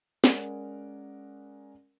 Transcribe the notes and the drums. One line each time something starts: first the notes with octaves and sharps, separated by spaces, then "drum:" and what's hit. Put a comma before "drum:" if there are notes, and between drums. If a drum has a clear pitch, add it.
G#3 C#4 A#4 D5 F#5, drum: snare